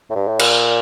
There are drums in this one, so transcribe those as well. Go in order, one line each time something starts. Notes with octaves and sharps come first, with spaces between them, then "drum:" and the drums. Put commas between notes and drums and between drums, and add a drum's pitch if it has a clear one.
A2
G2
A2
A#2, drum: cymbal